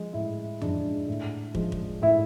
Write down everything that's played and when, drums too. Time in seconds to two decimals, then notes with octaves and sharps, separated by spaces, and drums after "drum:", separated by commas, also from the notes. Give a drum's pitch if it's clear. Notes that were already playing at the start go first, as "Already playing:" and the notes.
Already playing: F3 G#3
0.13 A2 E4
0.61 F3 G#3 D4, drum: tom F2
1.08 A2
1.55 F3 G#3, drum: kick
1.72 drum: kick
2.02 A2 E4